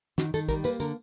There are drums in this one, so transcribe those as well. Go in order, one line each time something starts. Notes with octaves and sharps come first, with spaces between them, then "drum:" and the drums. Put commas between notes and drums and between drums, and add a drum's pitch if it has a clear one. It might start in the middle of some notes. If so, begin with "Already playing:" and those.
D#3 F#4, drum: snare
D#3 A4, drum: tambourine
G3 A#4, drum: kick, tambourine
A#3 B4, drum: tambourine
D3 A#4, drum: tambourine